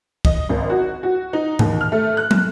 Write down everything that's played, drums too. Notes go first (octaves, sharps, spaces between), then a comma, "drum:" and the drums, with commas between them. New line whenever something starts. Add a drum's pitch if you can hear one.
D#5, drum: kick
G#1
F#4
F#4
D#4
D#2, drum: tom G#2
F6
A3
F#6
drum: tom